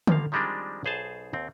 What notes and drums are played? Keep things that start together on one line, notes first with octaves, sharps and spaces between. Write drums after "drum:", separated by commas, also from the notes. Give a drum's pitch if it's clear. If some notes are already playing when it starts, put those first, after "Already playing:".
F3 G3 A#3 F5, drum: tom D3
D#3 F3 G3 G#3 C4 D4
B1 B2 G#4 C5 G#5 A5
D#2 C4